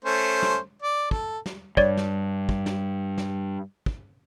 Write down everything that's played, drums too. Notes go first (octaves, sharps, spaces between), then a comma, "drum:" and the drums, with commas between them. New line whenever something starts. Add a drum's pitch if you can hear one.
A3 C#4 C5
drum: snare
D5
A4, drum: kick
drum: snare
G2 C#5 D5, drum: kick
drum: snare
drum: kick
drum: snare
drum: snare
drum: kick